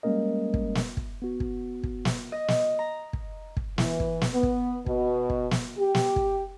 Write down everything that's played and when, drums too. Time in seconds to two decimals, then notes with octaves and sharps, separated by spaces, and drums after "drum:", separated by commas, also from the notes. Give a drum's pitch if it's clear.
0.03 G3 G#3 A#3 C#4 A#4 D#5
0.54 drum: kick
0.75 drum: snare
0.97 drum: kick
1.22 B3 F#4
1.40 drum: kick
1.84 drum: kick
2.05 drum: snare
2.32 D#5
2.48 drum: snare
2.79 A#5
3.13 drum: kick
3.57 drum: kick
3.78 E3, drum: snare
4.00 drum: kick
4.21 drum: snare
4.32 B3
4.43 drum: kick
4.86 B2, drum: kick
5.30 drum: kick
5.51 drum: snare
5.78 G4
5.95 drum: snare
6.16 drum: kick